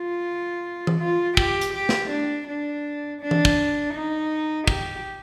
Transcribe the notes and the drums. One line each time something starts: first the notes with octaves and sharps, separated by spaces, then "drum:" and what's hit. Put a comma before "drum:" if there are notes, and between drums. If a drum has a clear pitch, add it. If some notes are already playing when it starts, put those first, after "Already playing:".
Already playing: F4
drum: tom E3
F4
G4, drum: kick
drum: hi-hat
G4
drum: snare
D4
D4
D4
drum: tom E3
drum: kick
D#4
G4, drum: kick